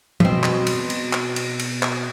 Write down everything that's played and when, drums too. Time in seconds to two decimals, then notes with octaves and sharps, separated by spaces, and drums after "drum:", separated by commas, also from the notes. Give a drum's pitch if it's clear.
0.20 B2 C4, drum: tom
0.43 drum: clap
0.67 drum: cymbal
0.90 drum: cymbal
1.13 drum: clap
1.36 drum: cymbal
1.59 drum: cymbal
1.83 drum: clap